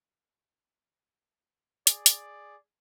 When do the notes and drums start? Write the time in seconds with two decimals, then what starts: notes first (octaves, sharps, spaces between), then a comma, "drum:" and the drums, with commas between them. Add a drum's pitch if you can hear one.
1.87 G#4 D5, drum: hi-hat
2.06 drum: hi-hat